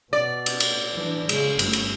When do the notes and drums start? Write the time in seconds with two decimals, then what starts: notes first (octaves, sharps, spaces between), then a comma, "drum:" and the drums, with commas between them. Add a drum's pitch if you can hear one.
0.13 B2 D5
0.46 drum: cymbal
0.60 drum: cymbal
0.94 E3 D4
1.29 C#3 G#3, drum: cymbal
1.59 G1 A3, drum: cymbal
1.73 drum: cymbal